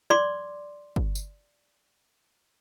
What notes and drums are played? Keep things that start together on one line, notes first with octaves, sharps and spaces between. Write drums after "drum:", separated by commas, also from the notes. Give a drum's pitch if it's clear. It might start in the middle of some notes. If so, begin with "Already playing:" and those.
D5 C6 D6, drum: rim click
drum: kick
drum: tambourine